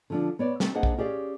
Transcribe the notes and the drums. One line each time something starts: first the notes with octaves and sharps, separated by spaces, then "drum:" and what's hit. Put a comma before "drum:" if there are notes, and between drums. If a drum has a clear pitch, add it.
D3 F3 D4
B3 C#5 D5
A3 C4 E5 G5, drum: snare
A#3 D4 G#4 C5 D#5 F#5
drum: kick
C#4 G4 G#4 D5 F5